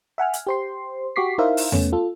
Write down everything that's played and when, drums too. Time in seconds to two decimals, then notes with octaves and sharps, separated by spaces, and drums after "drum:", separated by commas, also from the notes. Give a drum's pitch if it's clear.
0.18 E5 F#5 G#5 F6
0.33 drum: hi-hat
0.47 G4 C5 C6
1.16 F#4 G4 C#6 D6 B6 C7
1.38 D#4 E4 A#4 C5 E5 F5
1.57 drum: open hi-hat
1.72 A3 B3 C#4, drum: tom E2
1.92 F4 A4